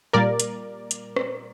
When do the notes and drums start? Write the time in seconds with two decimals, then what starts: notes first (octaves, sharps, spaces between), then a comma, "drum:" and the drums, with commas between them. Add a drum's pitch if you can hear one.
0.13 A#2 G3 A#3 A#4 D5
0.40 drum: hi-hat
0.91 drum: hi-hat
1.16 drum: rim click